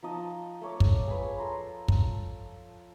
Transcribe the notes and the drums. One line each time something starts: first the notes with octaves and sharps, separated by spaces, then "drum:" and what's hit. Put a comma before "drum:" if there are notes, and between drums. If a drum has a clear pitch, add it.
F3 D#4 D#5 A5
A3 C#5 D6
drum: kick
G#4 B4
A4 A#5 C6
drum: kick